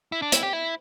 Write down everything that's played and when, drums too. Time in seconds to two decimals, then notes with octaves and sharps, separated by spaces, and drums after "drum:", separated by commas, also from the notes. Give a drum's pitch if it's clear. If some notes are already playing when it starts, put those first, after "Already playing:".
0.12 E4
0.22 D4
0.32 E4, drum: hi-hat
0.43 G4
0.53 E4